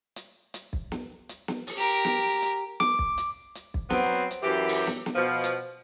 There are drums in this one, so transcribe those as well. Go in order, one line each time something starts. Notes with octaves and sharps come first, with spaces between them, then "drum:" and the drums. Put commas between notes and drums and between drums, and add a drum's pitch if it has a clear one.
drum: hi-hat
drum: hi-hat
drum: kick
drum: snare
drum: hi-hat
drum: snare
drum: open hi-hat
G4 A#4
drum: snare
drum: hi-hat
D6, drum: snare
drum: kick
drum: hi-hat
drum: hi-hat
drum: kick
F#3 B3 C4, drum: snare
drum: hi-hat
F#2 E3 G4
drum: open hi-hat
drum: snare
drum: snare
B2 F3
drum: hi-hat